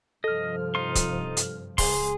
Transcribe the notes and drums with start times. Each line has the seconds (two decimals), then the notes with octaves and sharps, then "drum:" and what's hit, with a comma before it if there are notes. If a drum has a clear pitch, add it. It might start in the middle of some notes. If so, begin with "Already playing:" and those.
0.24 G2 C3 F3 A4 D#5 F6
0.75 D#4 F4 C6
0.95 drum: kick C#1, hi-hat
1.37 drum: hi-hat
1.78 C#2 G#4 C6, drum: kick C#1, open hi-hat